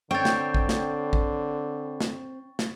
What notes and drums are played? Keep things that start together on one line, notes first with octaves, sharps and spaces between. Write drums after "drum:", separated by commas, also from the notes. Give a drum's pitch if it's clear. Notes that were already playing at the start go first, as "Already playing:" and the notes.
D3 C4 C#5 G5 C#6 A6
drum: snare
drum: kick A#1
drum: snare
drum: kick A#1
drum: snare
drum: snare